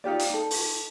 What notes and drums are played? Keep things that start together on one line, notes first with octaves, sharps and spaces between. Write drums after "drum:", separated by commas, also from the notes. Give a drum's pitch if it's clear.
D#4 F4 G4 D5
drum: hi-hat
D#4 A4
drum: open hi-hat